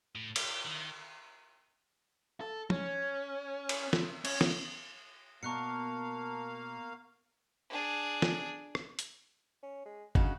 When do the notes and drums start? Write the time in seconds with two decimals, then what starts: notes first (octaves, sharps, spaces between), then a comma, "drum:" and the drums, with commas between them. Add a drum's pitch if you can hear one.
0.15 A2
0.36 G4, drum: cymbal
0.65 D#3
2.41 A4
2.70 C#4, drum: tom
3.69 drum: cymbal
3.93 drum: snare
4.25 C#4, drum: cymbal
4.41 drum: snare
5.43 B2 A#3 F5 A5 A#5 C#6 F#6 C#7
7.70 D4 G#4
8.22 drum: snare
8.75 drum: rim click
8.99 drum: hi-hat
9.63 C#4
9.85 G#3
10.15 C#3 D#4 F#4, drum: kick G1